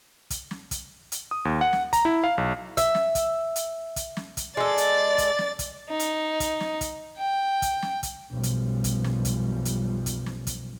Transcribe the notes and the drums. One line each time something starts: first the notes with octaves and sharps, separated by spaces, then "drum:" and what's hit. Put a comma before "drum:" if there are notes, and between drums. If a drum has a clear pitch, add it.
drum: kick, hi-hat
drum: snare
drum: kick, hi-hat
drum: hi-hat
D#6
D#2
F#5
drum: snare
A#5, drum: kick, hi-hat
E4
F5
B1
E5, drum: kick, hi-hat
drum: snare
drum: kick, hi-hat
drum: hi-hat
drum: kick, hi-hat
drum: snare
drum: kick, hi-hat
G#3 A4 D5 A6
drum: hi-hat
drum: kick, hi-hat
drum: snare
drum: kick, hi-hat
D#4
drum: hi-hat
drum: kick, hi-hat
drum: snare
drum: kick, hi-hat
G5
drum: kick, hi-hat
drum: snare
drum: kick, hi-hat
B1 F#2 B2 F3 G3
drum: hi-hat
drum: kick, hi-hat
drum: snare
drum: kick, hi-hat
drum: hi-hat
drum: kick, hi-hat
drum: snare
drum: kick, hi-hat